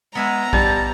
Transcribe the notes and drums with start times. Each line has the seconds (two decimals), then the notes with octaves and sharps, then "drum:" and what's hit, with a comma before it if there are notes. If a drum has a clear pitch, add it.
0.15 G#3 B3 E5 G#5 A#5
0.53 G3 A5, drum: kick A#1